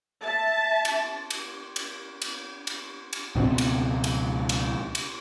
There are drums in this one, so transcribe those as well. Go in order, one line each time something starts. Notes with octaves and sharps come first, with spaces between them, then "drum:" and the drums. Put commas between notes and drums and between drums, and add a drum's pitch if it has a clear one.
E5 A5
drum: cymbal
drum: cymbal
drum: cymbal
drum: cymbal
drum: cymbal
drum: cymbal
C#2 B2 C4
drum: cymbal
drum: cymbal
drum: cymbal
drum: cymbal